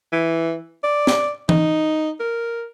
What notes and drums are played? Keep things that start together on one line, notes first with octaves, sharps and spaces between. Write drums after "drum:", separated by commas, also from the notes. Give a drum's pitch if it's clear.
E3
D5
drum: snare
D#4, drum: tom E3
A#4